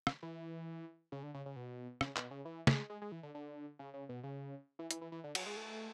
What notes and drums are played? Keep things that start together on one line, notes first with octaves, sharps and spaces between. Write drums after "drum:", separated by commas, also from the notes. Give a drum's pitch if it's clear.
drum: rim click
E3
C#3
D3
C#3
C#3
B2
C#3, drum: rim click
B2, drum: clap
C#3
E3
G#3, drum: snare
G#3
G#3
E3
D3
D3
C#3
C#3
B2
C#3
E3
E3, drum: hi-hat
E3
E3
D3
F#3, drum: cymbal
G#3
A3